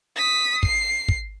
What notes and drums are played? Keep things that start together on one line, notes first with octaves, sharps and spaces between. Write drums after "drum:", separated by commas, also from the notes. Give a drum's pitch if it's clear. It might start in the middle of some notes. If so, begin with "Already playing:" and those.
D#6 B6
C7, drum: kick
drum: kick